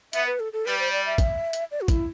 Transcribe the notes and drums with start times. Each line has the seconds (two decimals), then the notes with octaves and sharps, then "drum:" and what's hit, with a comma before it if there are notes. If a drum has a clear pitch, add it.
0.13 B3 E5, drum: hi-hat
0.27 B4
0.40 A4
0.53 A4
0.66 G3 B4
0.79 C5
0.92 D5
1.05 E5
1.18 drum: kick, hi-hat
1.53 drum: hi-hat
1.71 D5
1.81 F#4
1.88 E4, drum: kick, hi-hat